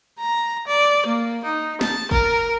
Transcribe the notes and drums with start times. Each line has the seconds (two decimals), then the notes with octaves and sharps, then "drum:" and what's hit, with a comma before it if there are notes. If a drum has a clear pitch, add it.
0.19 A#5
0.67 D5
1.06 A#3
1.45 D#4
1.81 A5, drum: snare
2.11 A#4, drum: kick